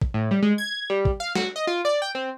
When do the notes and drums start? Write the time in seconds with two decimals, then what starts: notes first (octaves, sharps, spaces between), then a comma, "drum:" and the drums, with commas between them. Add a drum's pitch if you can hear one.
0.02 drum: kick
0.14 A2
0.31 G3
0.43 G#3
0.58 G#6
0.90 G3
1.05 drum: kick
1.20 F5
1.35 F#4, drum: snare
1.56 D#5
1.67 F4
1.85 D5
2.02 G5
2.15 C4